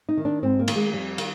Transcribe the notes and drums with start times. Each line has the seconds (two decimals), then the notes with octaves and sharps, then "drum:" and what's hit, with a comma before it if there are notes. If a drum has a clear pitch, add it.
0.09 D#4
0.17 D#3
0.25 D4
0.43 G#2 C4
0.59 A#3
0.68 D#3, drum: cymbal
0.76 G#3
0.93 F2 G3
1.18 D#3, drum: cymbal